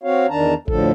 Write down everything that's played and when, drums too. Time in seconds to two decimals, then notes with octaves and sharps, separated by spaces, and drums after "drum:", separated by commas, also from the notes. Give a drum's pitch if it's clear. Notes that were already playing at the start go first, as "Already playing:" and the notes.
0.03 C4 F#4 C#5 F5
0.30 E2 D#3 D4 A5 A#5
0.68 D2 A2 D3 F3 A4, drum: kick G#1